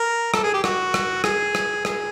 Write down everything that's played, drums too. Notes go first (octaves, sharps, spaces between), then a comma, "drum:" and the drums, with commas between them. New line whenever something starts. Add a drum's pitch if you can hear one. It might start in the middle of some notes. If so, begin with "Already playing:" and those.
Already playing: A#4
A4, drum: rim click
G#4
G4
F#4, drum: rim click
drum: rim click
G#4, drum: rim click
drum: rim click
G#4, drum: rim click